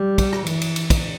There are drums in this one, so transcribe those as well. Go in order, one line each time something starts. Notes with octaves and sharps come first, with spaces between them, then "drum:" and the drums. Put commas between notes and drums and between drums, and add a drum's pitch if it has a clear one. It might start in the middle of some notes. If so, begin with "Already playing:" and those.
Already playing: G3
drum: kick, cymbal
drum: rim click
E3, drum: cymbal
drum: cymbal
drum: cymbal
drum: kick, cymbal